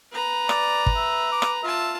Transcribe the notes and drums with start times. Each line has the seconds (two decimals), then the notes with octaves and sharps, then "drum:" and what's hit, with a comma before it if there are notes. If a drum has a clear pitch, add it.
0.12 B4 A#5
0.49 D5, drum: rim click
0.86 drum: kick
0.96 E5
1.32 D6
1.42 drum: rim click
1.63 F4 E5 A5